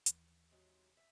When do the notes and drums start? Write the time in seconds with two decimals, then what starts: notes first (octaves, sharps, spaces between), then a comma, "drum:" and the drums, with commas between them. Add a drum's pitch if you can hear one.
0.06 D#2 E3, drum: hi-hat
0.51 G#2 C3 F#3
0.97 E5